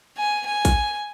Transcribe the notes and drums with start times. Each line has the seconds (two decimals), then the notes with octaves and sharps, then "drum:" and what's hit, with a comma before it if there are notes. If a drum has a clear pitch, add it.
0.17 G#5
0.45 G#5
0.65 drum: kick, hi-hat